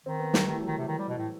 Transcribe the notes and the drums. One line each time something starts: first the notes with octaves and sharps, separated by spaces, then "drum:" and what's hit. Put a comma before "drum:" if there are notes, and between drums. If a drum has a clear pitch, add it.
D#3 C4
B3
G3, drum: snare
D#3 A3
E3
F#3
D#3
C3
D#3
G3
B2
A2